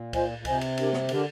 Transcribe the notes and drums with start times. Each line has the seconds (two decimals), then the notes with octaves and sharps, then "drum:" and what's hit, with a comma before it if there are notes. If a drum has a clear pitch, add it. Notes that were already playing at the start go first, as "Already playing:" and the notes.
Already playing: A#2
0.13 F4 C5 D#5 G#5, drum: kick C#2, cymbal
0.38 A#2
0.45 C3 F4 C5 D#5 G#5, drum: kick C#2, cymbal
0.61 drum: cymbal
0.77 D4 G4 A#4, drum: cymbal
0.93 drum: snare
1.09 D3 D4 G4 A#4, drum: cymbal